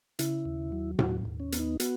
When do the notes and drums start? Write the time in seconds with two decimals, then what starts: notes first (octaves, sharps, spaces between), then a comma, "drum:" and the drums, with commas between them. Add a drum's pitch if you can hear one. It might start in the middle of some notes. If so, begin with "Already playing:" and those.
0.19 C#3 E4, drum: hi-hat
0.45 D#2
0.72 F#3
0.99 D#2 F#4, drum: tom A2
1.25 D#2
1.40 C#4
1.52 B3, drum: hi-hat
1.59 D#4
1.80 B3 F#4, drum: hi-hat